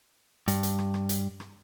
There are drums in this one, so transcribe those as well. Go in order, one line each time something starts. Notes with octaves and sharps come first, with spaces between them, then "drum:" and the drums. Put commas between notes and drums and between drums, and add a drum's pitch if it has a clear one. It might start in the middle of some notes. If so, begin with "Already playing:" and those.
G2, drum: hi-hat
drum: hi-hat
drum: rim click
drum: rim click
drum: hi-hat
drum: rim click